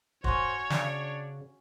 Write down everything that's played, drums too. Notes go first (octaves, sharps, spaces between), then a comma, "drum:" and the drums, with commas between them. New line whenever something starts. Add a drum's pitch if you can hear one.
C#4 F#4 C5 C#5, drum: kick
C#3 D4, drum: snare